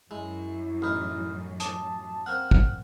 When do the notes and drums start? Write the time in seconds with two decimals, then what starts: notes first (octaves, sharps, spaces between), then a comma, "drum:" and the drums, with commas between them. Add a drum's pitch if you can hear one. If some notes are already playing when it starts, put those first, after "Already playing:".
0.11 F#2 G#3 E4
0.82 A1 D#4 B5 D#6 F6
1.60 A5 D6 D#6, drum: hi-hat
2.26 A#3 C4 F#5 F6 F#6
2.51 drum: kick